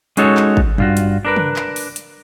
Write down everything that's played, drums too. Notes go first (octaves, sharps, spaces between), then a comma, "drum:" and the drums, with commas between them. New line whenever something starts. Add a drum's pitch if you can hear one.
G#3 C#4 D#4 F#4 A4 C#5, drum: hi-hat
drum: clap
drum: kick G#1
G2 F4 F#4, drum: tom
drum: hi-hat
D4 A#4 B4
drum: tom
drum: clap
drum: open hi-hat
drum: hi-hat